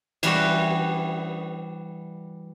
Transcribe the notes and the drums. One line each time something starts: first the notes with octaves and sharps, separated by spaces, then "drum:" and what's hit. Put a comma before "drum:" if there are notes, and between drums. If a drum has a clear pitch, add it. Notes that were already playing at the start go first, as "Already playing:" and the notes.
E3 G3 F#4 C5, drum: cymbal